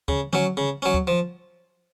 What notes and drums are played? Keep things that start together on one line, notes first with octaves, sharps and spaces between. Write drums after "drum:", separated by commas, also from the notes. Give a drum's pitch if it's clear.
C#3, drum: kick
F#3 C#4, drum: tom D3
C#3
F#3 C#4
drum: kick
F3